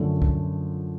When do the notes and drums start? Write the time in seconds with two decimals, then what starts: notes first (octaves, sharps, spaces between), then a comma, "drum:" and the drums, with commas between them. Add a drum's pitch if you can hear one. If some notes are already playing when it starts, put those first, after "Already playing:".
Already playing: F#2 D3 F3 A3
0.22 drum: kick